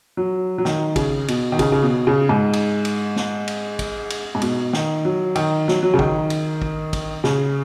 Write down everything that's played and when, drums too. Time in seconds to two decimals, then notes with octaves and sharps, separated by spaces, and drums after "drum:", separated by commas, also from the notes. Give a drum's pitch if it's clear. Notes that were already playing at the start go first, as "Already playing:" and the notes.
0.17 F#3
0.58 F#3
0.65 D#3, drum: snare
0.96 C#3, drum: kick, cymbal
1.28 B2, drum: cymbal
1.52 D#3
1.59 C#3, drum: kick, cymbal
1.72 C#3
1.82 B2
2.07 C#3
2.29 G#2
2.53 drum: cymbal
2.85 drum: cymbal
3.16 drum: snare
3.48 drum: cymbal
3.79 drum: kick, cymbal
4.10 drum: cymbal
4.35 G#2
4.42 B2, drum: cymbal
4.73 D#3, drum: snare
5.05 F#3
5.35 D#3, drum: cymbal
5.68 F#3, drum: snare
5.83 F#3
5.94 C#3
5.99 D#3, drum: kick
6.30 drum: cymbal
6.62 drum: kick
6.93 drum: kick, cymbal
7.24 C#3, drum: snare